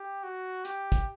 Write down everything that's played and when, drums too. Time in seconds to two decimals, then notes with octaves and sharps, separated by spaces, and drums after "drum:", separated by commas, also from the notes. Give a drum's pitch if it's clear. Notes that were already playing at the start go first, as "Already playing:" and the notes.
Already playing: G4
0.24 F#4
0.65 G4, drum: hi-hat
0.92 drum: kick, hi-hat